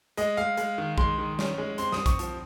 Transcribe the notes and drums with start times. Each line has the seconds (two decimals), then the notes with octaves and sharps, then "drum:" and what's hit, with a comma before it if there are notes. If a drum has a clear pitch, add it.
0.17 G#3 D#5, drum: hi-hat
0.37 G#3 F5
0.57 G#3, drum: hi-hat
0.78 D#3
0.98 G#3 C6, drum: kick
1.18 D#3
1.39 C#4, drum: snare
1.58 G#3
1.78 C4 C6, drum: hi-hat
1.92 D#6, drum: snare
1.98 C4
2.06 C#6, drum: kick, hi-hat
2.19 F3, drum: hi-hat